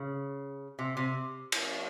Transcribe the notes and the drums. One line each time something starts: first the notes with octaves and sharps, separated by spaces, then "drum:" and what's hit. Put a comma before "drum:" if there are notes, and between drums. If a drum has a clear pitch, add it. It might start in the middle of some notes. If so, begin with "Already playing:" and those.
Already playing: C#3
C3
C3
drum: cymbal